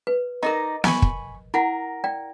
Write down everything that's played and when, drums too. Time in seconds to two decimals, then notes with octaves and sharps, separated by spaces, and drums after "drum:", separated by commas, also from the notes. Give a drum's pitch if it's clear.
0.07 B4
0.43 D#4 A#4 D5 D#5 A#5
0.84 G#5 B5 C#6, drum: snare
1.02 drum: kick
1.54 E4 A#4 F#5
2.04 D5 G5